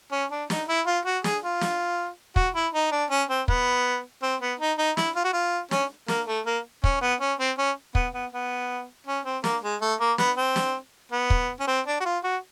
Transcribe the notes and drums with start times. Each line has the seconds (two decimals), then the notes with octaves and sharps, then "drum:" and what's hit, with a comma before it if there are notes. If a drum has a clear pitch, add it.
0.12 C#4
0.31 D4
0.50 D#4, drum: snare
0.68 E4
0.87 F4
1.05 F#4
1.24 G#4, drum: snare
1.43 F4
1.61 drum: snare
2.36 F#4, drum: kick
2.55 E4
2.73 D#4
2.92 D4
3.10 C#4
3.29 C4
3.48 B3, drum: kick
4.23 C4
4.41 B3
4.60 D#4
4.78 D#4
4.97 E4, drum: snare
5.15 F4
5.24 F#4
5.33 F4
5.71 C#4, drum: snare
6.08 A#3, drum: snare
6.27 A3
6.46 A#3
6.84 C#4, drum: kick
7.01 B3
7.21 C#4
7.39 C4
7.58 C#4
7.95 B3, drum: kick
8.13 B3
8.32 B3
9.07 C#4
9.25 C4
9.44 A#3, drum: snare
9.63 G#3
9.81 A3
10.00 A#3
10.18 B3, drum: snare
10.37 C4
10.56 drum: snare
11.12 B3
11.30 drum: kick
11.60 C#4
11.68 C4
11.86 D4
12.00 F#4
12.05 F4
12.24 F#4